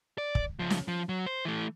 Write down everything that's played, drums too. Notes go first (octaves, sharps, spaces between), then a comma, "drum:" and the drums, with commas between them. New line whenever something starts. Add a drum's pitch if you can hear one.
D5
drum: kick
C#2 F3
drum: snare
F3
F#3
C5
E3 A3